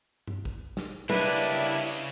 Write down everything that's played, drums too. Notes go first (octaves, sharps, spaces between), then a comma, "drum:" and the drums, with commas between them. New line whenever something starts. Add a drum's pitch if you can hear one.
drum: tom G2
drum: kick
drum: snare
C#3 G3 A#3 D4 E4 B4 D#5, drum: tom